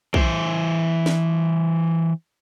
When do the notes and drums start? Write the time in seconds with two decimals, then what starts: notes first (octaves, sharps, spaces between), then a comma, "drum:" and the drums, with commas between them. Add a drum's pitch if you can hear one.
0.14 E3 C5, drum: kick
1.06 drum: snare